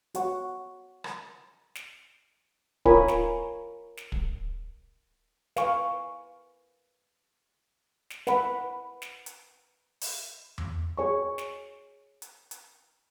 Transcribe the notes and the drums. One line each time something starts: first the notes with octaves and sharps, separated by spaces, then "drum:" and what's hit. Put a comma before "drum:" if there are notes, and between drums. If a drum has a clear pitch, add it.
F#4 C#5 F#5 C#6, drum: hi-hat
drum: rim click
drum: snare
F4 A#4 C#5 G#5 B5, drum: kick
drum: snare
drum: snare
drum: kick
B4 F5 G#5 C#6, drum: snare
drum: snare
B4 F#5 B5, drum: snare
drum: snare
drum: hi-hat
drum: open hi-hat
drum: tom E2
G#4 C#5 G#5 C#6
drum: snare
drum: hi-hat
drum: hi-hat